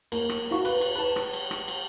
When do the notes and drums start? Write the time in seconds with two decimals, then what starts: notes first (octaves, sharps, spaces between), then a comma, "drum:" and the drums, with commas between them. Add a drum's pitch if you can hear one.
0.12 A#3, drum: cymbal
0.29 drum: rim click
0.51 F#4 F5 C#6
0.65 B4, drum: cymbal
0.81 drum: cymbal
0.95 B4 A5
1.16 drum: rim click
1.33 drum: cymbal
1.51 drum: rim click
1.68 drum: cymbal